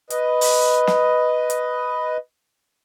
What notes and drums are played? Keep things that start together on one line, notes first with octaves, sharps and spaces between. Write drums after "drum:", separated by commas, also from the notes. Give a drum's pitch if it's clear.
B4 D#5, drum: hi-hat
drum: open hi-hat
drum: snare
drum: hi-hat